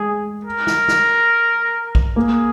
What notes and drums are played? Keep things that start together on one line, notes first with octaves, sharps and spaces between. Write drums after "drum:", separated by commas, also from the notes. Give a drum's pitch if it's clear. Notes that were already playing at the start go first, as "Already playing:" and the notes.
Already playing: G#3 G#4
A#4
drum: snare
drum: snare
drum: kick
A#3 G#4